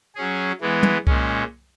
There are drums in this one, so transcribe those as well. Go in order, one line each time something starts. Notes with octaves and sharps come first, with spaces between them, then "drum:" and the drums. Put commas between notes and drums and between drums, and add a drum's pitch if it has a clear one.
F#3 C#4 G#4
E3 G#3 B3
drum: tom
A#2 G#3 C#4, drum: kick C2